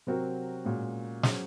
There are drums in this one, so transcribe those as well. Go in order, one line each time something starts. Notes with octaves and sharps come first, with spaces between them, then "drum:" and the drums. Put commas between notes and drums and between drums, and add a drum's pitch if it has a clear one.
C3 F#3 C4 F#4 A#4
A#2 G#3 C#4 F#4
F#3 C#4 G#4 C5, drum: snare